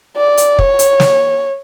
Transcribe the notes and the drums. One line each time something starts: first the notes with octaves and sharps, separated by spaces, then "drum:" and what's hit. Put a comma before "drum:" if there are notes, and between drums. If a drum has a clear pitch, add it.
D5
drum: hi-hat
C#5, drum: kick
drum: hi-hat
drum: snare